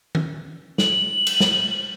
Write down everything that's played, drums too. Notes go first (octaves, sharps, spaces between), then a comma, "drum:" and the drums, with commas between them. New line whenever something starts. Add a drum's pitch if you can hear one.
drum: tom D#3
F#7, drum: snare
drum: cymbal
drum: snare